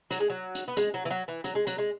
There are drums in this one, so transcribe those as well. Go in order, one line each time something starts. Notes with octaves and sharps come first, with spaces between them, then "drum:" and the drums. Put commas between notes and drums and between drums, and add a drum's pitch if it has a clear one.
F#3, drum: hi-hat
G#3
F#3
drum: hi-hat
B3
G#3, drum: hi-hat
F#3
E3
F#3
E3
F#3, drum: hi-hat
G#3
F#3, drum: hi-hat
G#3